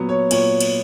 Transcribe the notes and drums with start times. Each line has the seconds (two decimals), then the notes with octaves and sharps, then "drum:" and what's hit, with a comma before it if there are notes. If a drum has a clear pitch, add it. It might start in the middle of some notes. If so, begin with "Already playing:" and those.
Already playing: A#2 F#3 B3
0.09 C#5
0.31 A#2 C#5, drum: cymbal
0.61 drum: cymbal